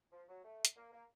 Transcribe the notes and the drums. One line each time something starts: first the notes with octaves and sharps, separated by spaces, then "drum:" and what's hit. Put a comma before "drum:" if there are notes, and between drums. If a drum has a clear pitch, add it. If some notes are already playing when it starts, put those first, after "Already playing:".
F3
F#3
A3
drum: hi-hat
A#3
A#3